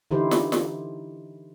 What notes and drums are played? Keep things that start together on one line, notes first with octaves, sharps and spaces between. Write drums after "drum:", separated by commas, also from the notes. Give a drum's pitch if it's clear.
D3 E3 D#4 E4 G4 C5
drum: snare
drum: snare